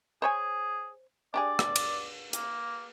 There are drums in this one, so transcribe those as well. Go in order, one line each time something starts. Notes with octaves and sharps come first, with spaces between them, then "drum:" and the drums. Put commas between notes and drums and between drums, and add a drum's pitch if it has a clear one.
G#4 C5 C#5 G#5
D4 G4 G#4 D5
drum: rim click
drum: cymbal
A#3, drum: hi-hat